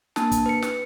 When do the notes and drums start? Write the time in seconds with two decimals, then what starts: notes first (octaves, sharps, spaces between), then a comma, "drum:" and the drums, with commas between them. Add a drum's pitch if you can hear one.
0.16 A#3 D4 A5, drum: snare
0.32 drum: kick, hi-hat
0.46 B4 C#7
0.62 drum: snare